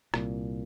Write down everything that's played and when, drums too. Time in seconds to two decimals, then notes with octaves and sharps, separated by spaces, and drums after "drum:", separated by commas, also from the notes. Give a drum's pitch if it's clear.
0.14 C2 A#2, drum: rim click